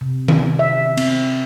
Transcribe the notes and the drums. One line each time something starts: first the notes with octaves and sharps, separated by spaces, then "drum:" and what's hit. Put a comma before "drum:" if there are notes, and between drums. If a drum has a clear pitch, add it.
C3
drum: tom D#3
E5
C4, drum: cymbal